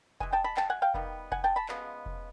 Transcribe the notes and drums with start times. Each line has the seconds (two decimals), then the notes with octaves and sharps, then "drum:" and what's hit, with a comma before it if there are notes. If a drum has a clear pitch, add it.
0.20 E3 G#3 G#5, drum: kick F1
0.33 G5 A5
0.44 A5 B5
0.57 G5 A5, drum: clap
0.70 F#5 G#5
0.82 F5 G5
0.94 D#3 G3 B3, drum: kick F1
1.32 F#5 G#5, drum: kick F1
1.44 G5 A5
1.56 A5 B5
1.69 C#3 F3 G#3 B3, drum: clap
2.06 drum: kick F1